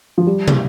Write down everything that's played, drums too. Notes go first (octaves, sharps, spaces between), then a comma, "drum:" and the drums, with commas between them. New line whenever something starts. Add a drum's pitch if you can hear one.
F3
G3
drum: tom